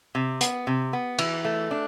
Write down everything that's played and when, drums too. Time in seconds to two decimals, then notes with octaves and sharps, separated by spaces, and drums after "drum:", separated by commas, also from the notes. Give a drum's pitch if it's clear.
0.15 C3
0.41 B3, drum: hi-hat
0.67 C3
0.93 B3
1.18 E3, drum: cymbal
1.45 A3
1.71 D4